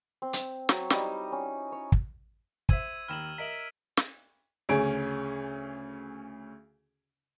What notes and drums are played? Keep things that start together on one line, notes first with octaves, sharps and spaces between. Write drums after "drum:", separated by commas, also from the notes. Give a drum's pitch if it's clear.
C4
drum: hi-hat
F#3, drum: snare
G3 D#4 E4 D#5, drum: snare
C#4
C#5
drum: kick
C5 E5 E6 G#6 D#7, drum: kick
D#2 D#3 B5 F6 E7 F#7
A#4 D#5 E5 B6 D7 F#7
drum: snare
D2 C#3 C#4 G#4 D7